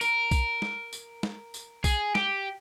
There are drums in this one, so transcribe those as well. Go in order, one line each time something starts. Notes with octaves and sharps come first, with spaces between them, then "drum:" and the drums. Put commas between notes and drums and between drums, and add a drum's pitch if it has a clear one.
A#4, drum: tambourine
drum: kick, tambourine
drum: snare
drum: tambourine
drum: snare
drum: tambourine
G#4, drum: kick, tambourine
G4, drum: snare